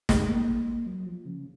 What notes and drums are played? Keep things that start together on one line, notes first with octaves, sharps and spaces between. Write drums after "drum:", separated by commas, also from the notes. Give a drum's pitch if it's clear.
G#3, drum: snare
A#3
F#3
F3
C#3